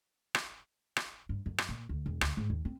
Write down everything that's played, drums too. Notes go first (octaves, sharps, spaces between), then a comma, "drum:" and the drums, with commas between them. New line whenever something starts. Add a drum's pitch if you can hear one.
drum: rim click
drum: rim click
G2
F#2
drum: rim click
A#2
D2
E1
D2, drum: rim click
G#2
D#2
C4